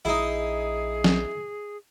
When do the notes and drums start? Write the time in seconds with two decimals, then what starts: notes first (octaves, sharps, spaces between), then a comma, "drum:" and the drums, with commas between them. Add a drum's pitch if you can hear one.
0.05 A#1 D#4 E4 G#4
1.04 drum: snare